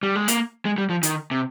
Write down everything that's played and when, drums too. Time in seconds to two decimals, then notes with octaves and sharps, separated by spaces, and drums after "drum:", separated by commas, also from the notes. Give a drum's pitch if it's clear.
0.03 G3
0.16 G#3
0.28 A#3, drum: hi-hat
0.65 G#3
0.78 G3
0.90 F3
1.03 D#3, drum: hi-hat
1.31 C3